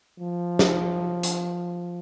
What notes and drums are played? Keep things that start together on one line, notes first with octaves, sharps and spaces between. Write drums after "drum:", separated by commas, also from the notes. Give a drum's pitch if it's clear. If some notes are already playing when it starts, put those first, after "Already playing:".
F3
drum: snare
drum: hi-hat